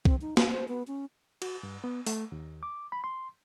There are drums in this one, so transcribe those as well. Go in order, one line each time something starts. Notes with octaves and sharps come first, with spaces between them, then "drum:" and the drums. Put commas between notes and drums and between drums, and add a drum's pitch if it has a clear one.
C4, drum: kick
D#4
F5, drum: snare
C5
B3
C#4
F#4, drum: cymbal
G2
B3
A3, drum: open hi-hat
D#2
D6
B5
C6